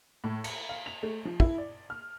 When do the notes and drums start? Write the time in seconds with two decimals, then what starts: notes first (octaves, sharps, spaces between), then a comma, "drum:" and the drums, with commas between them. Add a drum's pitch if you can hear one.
0.24 A2
0.44 C#7, drum: cymbal
0.69 F5
0.86 F7
1.03 A3
1.25 F3
1.40 E4, drum: kick
1.58 D5
1.90 F6